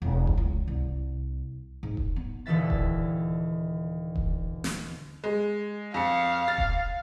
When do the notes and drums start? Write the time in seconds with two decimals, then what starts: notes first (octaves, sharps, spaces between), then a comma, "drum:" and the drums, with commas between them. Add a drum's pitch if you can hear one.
0.02 E1
0.27 drum: kick D#1
0.37 C#2
0.67 C2
1.83 G#2
1.97 drum: kick D#1
2.16 B3
2.46 D#1 D#2 D3 E3 E5 A6
2.70 drum: kick D#1
4.16 drum: kick D#1
4.64 drum: snare
5.24 G#3
5.94 F2 F5 C#7
6.48 A6
6.58 drum: kick D#1